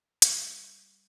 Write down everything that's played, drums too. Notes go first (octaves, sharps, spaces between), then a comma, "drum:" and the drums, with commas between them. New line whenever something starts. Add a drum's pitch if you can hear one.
G3 F4, drum: hi-hat